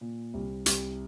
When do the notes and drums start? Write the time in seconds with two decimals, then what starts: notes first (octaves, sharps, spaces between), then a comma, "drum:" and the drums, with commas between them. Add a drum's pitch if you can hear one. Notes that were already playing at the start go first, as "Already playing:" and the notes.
0.01 A#2
0.34 C2
0.66 C2, drum: hi-hat